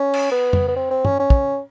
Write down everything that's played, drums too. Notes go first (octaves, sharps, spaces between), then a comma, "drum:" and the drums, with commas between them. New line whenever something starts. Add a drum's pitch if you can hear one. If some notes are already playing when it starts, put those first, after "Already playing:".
Already playing: C#4
drum: cymbal
B3
drum: tom F2
B3
C4
C4
C#4, drum: tom G2
C#4
drum: kick